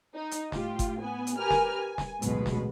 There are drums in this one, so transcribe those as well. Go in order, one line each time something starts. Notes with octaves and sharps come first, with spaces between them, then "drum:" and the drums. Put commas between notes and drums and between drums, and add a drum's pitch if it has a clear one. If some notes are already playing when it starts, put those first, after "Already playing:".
D#4
drum: hi-hat
A2 F4 G4, drum: snare
drum: kick G1, hi-hat
B3 G#5
drum: hi-hat
G4 A#4 B4 G#5 F6
drum: snare
G#5
drum: snare
A1 D2 B2 F#3 G#3 B4, drum: hi-hat
drum: snare